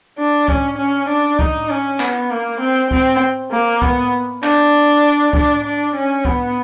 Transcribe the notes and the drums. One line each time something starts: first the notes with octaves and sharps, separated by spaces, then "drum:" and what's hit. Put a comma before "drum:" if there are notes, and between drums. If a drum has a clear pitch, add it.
D4
C#4, drum: kick C2
C#4
D4
D#4, drum: kick C2
C#4
B3, drum: clap
A#3
C4
C4, drum: kick C2
A#3
B3, drum: kick C2
D4, drum: clap
D4, drum: kick C2
D4
C#4
B3, drum: kick C2